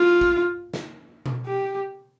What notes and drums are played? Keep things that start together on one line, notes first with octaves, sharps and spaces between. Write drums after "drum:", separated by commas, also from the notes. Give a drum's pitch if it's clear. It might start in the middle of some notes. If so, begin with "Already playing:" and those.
Already playing: F4
drum: kick
drum: snare
drum: tom B2
G4